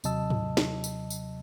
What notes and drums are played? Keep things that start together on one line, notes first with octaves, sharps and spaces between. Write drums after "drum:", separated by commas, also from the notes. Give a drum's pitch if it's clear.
D#2 C3 F#3 D#5 A5 E6, drum: tambourine
drum: tom G#2
drum: snare
drum: tambourine
drum: tambourine